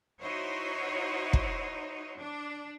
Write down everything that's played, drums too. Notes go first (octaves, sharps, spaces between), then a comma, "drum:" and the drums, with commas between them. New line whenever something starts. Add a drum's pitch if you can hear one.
D#4 E4 F#4 C5 C#5
drum: kick
D4